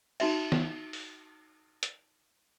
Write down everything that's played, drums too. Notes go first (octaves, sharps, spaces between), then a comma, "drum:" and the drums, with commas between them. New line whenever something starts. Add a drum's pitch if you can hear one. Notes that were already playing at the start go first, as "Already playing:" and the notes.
D#4 F#4 E5, drum: cymbal
drum: snare
drum: open hi-hat
drum: hi-hat